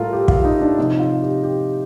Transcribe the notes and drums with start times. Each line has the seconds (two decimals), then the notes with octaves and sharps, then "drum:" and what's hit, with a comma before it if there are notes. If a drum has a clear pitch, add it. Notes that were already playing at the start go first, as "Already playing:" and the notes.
Already playing: A2 G3 F4 A4 A#4
0.13 G4
0.28 F4, drum: kick
0.45 D#4
0.61 D4
0.78 C3 F3 D#4
0.99 F4
1.22 G4
1.43 G4